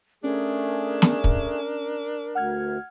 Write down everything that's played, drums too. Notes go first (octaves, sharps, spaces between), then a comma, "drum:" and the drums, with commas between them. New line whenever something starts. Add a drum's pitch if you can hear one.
A3 C#4 D4 G#4 A#4
drum: snare
drum: kick
D2 F#5 F6 G#6